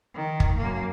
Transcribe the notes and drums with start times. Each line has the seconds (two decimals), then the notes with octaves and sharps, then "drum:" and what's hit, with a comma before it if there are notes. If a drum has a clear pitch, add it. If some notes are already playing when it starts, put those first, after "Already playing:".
0.15 D#3
0.40 drum: kick
0.58 F#2 A#3